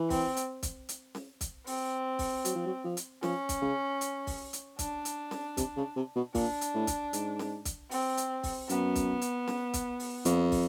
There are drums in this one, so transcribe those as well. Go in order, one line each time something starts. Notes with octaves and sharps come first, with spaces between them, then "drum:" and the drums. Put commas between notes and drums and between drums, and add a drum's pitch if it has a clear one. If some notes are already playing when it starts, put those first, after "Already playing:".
Already playing: E3
C4, drum: kick, open hi-hat
drum: hi-hat
drum: kick, hi-hat
drum: hi-hat
drum: snare C#4
drum: kick, hi-hat
C4, drum: open hi-hat
drum: kick, open hi-hat
F#3, drum: hi-hat
F3
F#3
F3
drum: hi-hat
F3 C#4, drum: snare C#4
drum: kick, hi-hat
C#3
drum: hi-hat
drum: kick, open hi-hat
drum: hi-hat
D4, drum: kick, hi-hat
drum: hi-hat
drum: snare C#4
C3, drum: kick, hi-hat
C#3
C3
B2
A#2 D4, drum: kick, open hi-hat
drum: hi-hat
A2
drum: kick, hi-hat
G#2, drum: hi-hat
drum: snare C#4
drum: kick, hi-hat
C4, drum: open hi-hat
drum: hi-hat
drum: kick, open hi-hat
F#2 B3, drum: hi-hat
drum: kick, hi-hat
drum: hi-hat
drum: snare C#4
drum: kick, hi-hat
drum: open hi-hat
F2, drum: hi-hat
drum: kick, open hi-hat